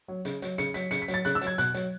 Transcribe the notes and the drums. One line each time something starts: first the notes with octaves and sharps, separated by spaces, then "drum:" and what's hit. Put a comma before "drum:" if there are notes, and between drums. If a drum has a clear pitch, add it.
F#3
C#3, drum: hi-hat
F#3, drum: hi-hat
C#3 C#7, drum: hi-hat
F#3 B6, drum: hi-hat
C#3 C#7, drum: hi-hat
B6
F#3, drum: hi-hat
A6
C#3 F#6, drum: hi-hat
E6
F#3, drum: hi-hat
G#6
B2 F#6, drum: hi-hat
F#3, drum: hi-hat